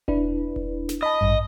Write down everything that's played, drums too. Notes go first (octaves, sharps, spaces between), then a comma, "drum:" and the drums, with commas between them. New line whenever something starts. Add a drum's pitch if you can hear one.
D4 E4 B4, drum: kick E1
drum: kick E1
drum: snare
D#5 A5 B5
A1 G2